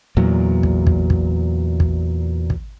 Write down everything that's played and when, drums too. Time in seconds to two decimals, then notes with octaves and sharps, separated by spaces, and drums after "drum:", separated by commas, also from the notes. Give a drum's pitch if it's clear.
0.17 E2 A#2 F#3
0.63 drum: kick
0.87 drum: kick
1.10 drum: kick
1.80 drum: kick
2.50 drum: kick